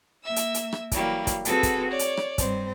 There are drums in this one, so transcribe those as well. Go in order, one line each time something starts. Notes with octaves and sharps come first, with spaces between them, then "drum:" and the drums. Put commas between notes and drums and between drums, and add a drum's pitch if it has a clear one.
A#3 E5 E6
drum: hi-hat
drum: hi-hat
drum: rim click
E3 F#3 G3 A#3, drum: kick, hi-hat
drum: kick, hi-hat
C4 F#4 G#4 A4 B4, drum: hi-hat
drum: kick, hi-hat
C#5 D5
drum: hi-hat
drum: rim click
G2 C4, drum: kick, hi-hat